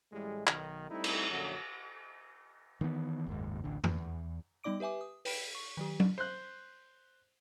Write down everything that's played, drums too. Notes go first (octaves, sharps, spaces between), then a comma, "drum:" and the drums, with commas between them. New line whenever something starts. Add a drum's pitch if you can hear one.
A1 A2 G3 G#3
B1 D#3, drum: clap
G3 A3 C4 D#4 E4
drum: cymbal
A#1 F#2 D3 F#3 C#4 F#4
D#3 E3 G3 B3
F#1 D#2 G#2
A1 D2 D3
E2, drum: tom F2
G3 B3 D#4 D5 D6 D7
G4 B4 E5 G#5 D6
D#6
B4 G5 B5 D7 E7, drum: open hi-hat
C#6
D#3 F#3 G4
drum: tom F#3
C5 F#6